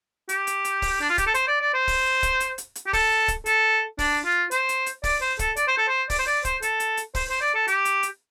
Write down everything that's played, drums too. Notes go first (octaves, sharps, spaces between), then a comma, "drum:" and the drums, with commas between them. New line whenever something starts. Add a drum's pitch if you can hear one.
G4, drum: hi-hat
drum: hi-hat
drum: hi-hat
drum: kick, open hi-hat
D4
F4
G4, drum: kick, hi-hat
A4
C5, drum: hi-hat
D5
D5
C5
drum: kick, open hi-hat
drum: kick, hi-hat
drum: hi-hat
drum: hi-hat
drum: hi-hat
G4
A4, drum: kick, open hi-hat
drum: kick, hi-hat
A4, drum: hi-hat
D4, drum: kick, open hi-hat
F4
C5, drum: hi-hat
drum: hi-hat
drum: hi-hat
D5, drum: kick, open hi-hat
C5
A4, drum: kick, hi-hat
D5, drum: hi-hat
C5
A4
C5
D5, drum: kick, open hi-hat
C5
D5
C5, drum: kick, hi-hat
A4, drum: hi-hat
drum: hi-hat
drum: hi-hat
C5, drum: kick, open hi-hat
C5
D5
A4
G4, drum: hi-hat
drum: hi-hat
drum: hi-hat